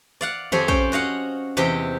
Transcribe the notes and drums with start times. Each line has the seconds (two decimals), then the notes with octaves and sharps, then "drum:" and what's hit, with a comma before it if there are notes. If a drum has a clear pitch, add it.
0.21 D5 F5 F#5
0.52 F2 C4 G4 G#4 C#5 G#5, drum: tom D3
0.68 C#4 C5 G5, drum: kick A#1
0.92 F#4 D#5 F5 F#5
1.57 E2 C3 G4 D#5 G5